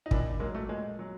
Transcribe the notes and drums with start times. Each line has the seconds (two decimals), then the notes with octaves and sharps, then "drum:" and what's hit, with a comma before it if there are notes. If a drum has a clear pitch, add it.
0.06 D#4
0.11 A#2 D4 E4, drum: kick
0.40 F#3 G#3 A#3
0.55 A3
0.69 A#2 G#3
0.99 F#3